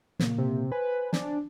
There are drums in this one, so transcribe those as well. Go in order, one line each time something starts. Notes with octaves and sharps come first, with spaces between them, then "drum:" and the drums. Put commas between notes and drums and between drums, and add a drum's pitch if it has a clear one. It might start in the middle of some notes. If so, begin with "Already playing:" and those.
A#2 C#3 A#3, drum: snare
C3
B4 C5 G#5
D4, drum: snare